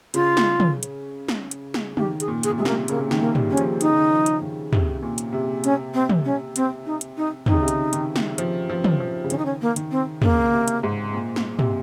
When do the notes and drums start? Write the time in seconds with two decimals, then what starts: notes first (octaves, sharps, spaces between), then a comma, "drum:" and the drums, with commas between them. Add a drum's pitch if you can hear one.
0.14 C#3 F4, drum: hi-hat
0.37 drum: snare
0.60 drum: tom
0.83 drum: hi-hat
1.28 drum: snare
1.51 drum: hi-hat
1.74 drum: snare
1.97 D#3 G4, drum: tom
2.20 G#4, drum: hi-hat
2.28 A#2
2.43 G#4, drum: hi-hat
2.50 A#2
2.58 C3 G#3
2.65 A#3, drum: snare
2.88 C#3 A#3, drum: hi-hat
3.11 D#3, drum: snare
3.20 A#3
3.35 G3, drum: tom
3.50 C#4
3.57 F3, drum: hi-hat
3.81 D#3 D#4, drum: hi-hat
3.89 C#3
3.97 D#3
4.11 F3
4.26 drum: hi-hat
4.41 D#3
4.73 C3, drum: tom
5.02 A#2
5.18 drum: hi-hat
5.33 C3
5.64 C#4, drum: hi-hat
5.94 C4
6.09 drum: tom
6.24 C#4
6.56 C4, drum: hi-hat
6.86 D#4
7.01 drum: hi-hat
7.17 D#4
7.46 D#3 D#4, drum: tom
7.53 C#3
7.61 C3
7.68 C#3, drum: hi-hat
7.93 D#3, drum: hi-hat
8.16 drum: snare
8.38 F3, drum: hi-hat
8.70 F3
8.84 drum: tom
9.00 F3
9.24 C#3
9.30 D#3 C#4, drum: hi-hat
9.37 D#4
9.45 C#4
9.61 A#3
9.76 D#3, drum: hi-hat
9.91 C4
10.22 C#3 A#3, drum: tom
10.52 C3
10.68 drum: hi-hat
10.83 G#2
11.13 A#2
11.36 drum: snare
11.59 C3, drum: tom